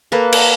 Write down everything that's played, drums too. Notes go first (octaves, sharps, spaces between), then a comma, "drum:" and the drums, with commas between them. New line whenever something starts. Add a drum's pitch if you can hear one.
A#3 A4 B4
drum: cymbal